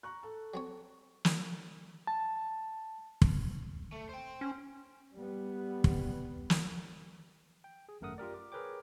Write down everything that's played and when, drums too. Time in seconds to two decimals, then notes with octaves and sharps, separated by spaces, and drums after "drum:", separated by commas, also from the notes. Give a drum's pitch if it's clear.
0.03 A#5 C#6 F#6
0.23 A4
0.54 F#3 C4 C#5
1.25 drum: snare
2.07 A5
3.22 drum: kick
3.92 A3
4.09 C5 G5
4.41 C#4
5.14 G3 B3
5.84 drum: kick
6.50 drum: snare
7.64 G5
7.89 G#4
8.01 G#1 F#2 A3 A#4 F#5 D#6
8.18 F4 G4 A#4 D5
8.34 D6
8.52 G#4 A#4 B4 C#5 G5 D6